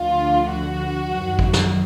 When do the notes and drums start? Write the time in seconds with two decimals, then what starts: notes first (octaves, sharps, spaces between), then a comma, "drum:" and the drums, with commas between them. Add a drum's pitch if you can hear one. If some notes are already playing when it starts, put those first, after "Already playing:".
Already playing: D2 D3 F3 F4
0.51 F#4
1.09 F#2 D#3 F#3
1.39 drum: kick
1.53 drum: snare